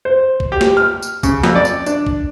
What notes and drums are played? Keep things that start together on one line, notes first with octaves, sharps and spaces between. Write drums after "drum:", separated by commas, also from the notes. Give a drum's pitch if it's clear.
C5
drum: kick
G4
drum: snare
F6
drum: tambourine
C#3, drum: kick, tambourine
F2, drum: snare
D5
drum: tambourine
D4, drum: tambourine
drum: kick